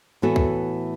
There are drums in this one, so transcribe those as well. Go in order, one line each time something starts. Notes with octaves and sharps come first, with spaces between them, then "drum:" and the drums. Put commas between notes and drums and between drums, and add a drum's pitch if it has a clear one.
A2 E3 B3 F#4 A4
drum: kick